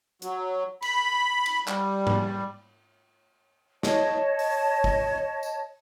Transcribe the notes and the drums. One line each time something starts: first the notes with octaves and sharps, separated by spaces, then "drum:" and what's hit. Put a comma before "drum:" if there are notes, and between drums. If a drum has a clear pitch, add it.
F#3, drum: hi-hat
B5, drum: cymbal
drum: cymbal
G3, drum: clap
drum: tom G#2
C#5 D#5 A5, drum: snare
drum: open hi-hat
drum: kick
drum: tambourine